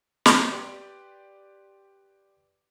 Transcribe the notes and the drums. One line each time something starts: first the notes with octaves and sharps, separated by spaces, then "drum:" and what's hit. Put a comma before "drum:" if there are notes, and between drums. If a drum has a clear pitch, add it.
drum: snare
G4 B4 D5 C6